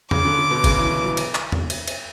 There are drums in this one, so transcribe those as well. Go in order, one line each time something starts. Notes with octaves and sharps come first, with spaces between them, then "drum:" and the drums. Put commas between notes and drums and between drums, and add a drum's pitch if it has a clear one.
C#3 D6, drum: tom E2
D3
D3
B2
C#3, drum: kick G1, cymbal
E3
E3
F#3
drum: cymbal
drum: clap
drum: tom E2
drum: cymbal
drum: cymbal